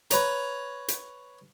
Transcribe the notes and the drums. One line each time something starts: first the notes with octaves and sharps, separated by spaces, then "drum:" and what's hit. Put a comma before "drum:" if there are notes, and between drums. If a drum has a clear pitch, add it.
B4 C#5 A#5, drum: hi-hat
drum: hi-hat